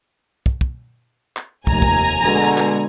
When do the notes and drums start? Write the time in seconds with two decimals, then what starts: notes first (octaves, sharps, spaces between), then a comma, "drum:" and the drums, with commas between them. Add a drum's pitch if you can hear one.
0.46 drum: kick
0.61 drum: kick
1.37 drum: clap
1.67 F1 D#2 G#5 A#5, drum: kick
1.82 drum: kick
2.21 B2 D3 G#3
2.58 drum: clap